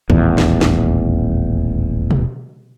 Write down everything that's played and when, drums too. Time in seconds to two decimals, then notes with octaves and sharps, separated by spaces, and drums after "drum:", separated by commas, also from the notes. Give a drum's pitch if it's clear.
0.10 D#1 A1 E2, drum: kick B1
0.38 drum: snare
0.61 drum: snare
2.11 drum: tom B2